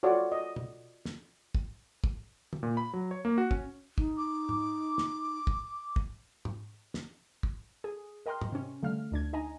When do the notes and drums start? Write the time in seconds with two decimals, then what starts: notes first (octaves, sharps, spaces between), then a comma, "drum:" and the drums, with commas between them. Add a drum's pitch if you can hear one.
0.03 F4 F#4 A4 C#5 D5
0.32 D#5
0.56 drum: tom
1.05 drum: snare
1.55 drum: kick
2.04 drum: kick
2.53 drum: tom
2.63 A#2
2.77 B5
2.93 F#3
3.11 C#5
3.25 A#3
3.38 F#4
3.51 C#4, drum: kick
3.98 D#4, drum: kick
4.17 D6
4.49 drum: tom G#2
4.98 drum: snare
5.47 drum: kick
5.96 drum: kick
6.45 drum: tom
6.94 drum: snare
7.43 drum: kick
7.84 G#4
8.26 A#4 D#5 G5 A#5 C6 F6
8.41 drum: tom
8.52 C3 C#4
8.83 D3 G3 A3 F5 F6
9.12 D2 D4 G#6
9.33 D#4 D#5 G#5 A#5